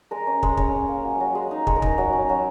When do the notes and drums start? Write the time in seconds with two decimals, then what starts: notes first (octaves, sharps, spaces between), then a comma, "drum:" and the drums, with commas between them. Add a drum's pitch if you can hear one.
0.11 G#3 A#4
0.27 C#4
0.43 G#3 C#5, drum: kick
0.49 D#5
0.57 C#4 C#5, drum: kick
0.73 C#4
0.88 A#3
1.05 F#3
1.20 F#3
1.35 G#3
1.51 D#4
1.67 G#3 C#5, drum: kick
1.76 A#4
1.82 D#4 C#5, drum: kick
1.98 F#3
2.13 C#4
2.29 F#3